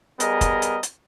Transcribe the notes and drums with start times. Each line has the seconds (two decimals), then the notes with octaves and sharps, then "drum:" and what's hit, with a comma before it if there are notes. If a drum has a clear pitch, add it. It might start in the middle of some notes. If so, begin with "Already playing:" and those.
0.20 G3 B3 G#4 A#4 D#5, drum: hi-hat
0.41 drum: kick, hi-hat
0.62 drum: hi-hat
0.83 drum: hi-hat